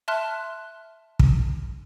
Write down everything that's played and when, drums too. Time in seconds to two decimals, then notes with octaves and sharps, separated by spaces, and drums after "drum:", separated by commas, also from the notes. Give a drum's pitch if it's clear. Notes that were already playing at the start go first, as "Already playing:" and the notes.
0.08 E5 A5 C6 F6 F#6
1.19 drum: kick